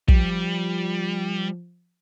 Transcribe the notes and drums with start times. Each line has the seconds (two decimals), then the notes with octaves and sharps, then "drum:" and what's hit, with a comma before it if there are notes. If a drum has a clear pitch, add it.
0.08 F3 G3, drum: kick